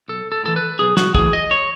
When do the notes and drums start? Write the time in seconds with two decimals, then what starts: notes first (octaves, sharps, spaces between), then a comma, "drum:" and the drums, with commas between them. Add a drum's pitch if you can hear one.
0.08 B1 A4
0.32 A4
0.44 A2 E3 A4
0.56 B4
0.79 B1 G#4
0.97 F#4, drum: snare
1.15 A2 E3 G#4, drum: kick
1.33 D#5
1.51 C#5